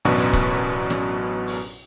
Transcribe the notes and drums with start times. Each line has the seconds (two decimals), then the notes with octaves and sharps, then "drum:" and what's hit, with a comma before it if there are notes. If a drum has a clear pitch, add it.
0.05 A1 F#2 B2 D4 F#4 B4
0.33 drum: kick C#1, hi-hat
0.90 drum: snare
1.47 drum: open hi-hat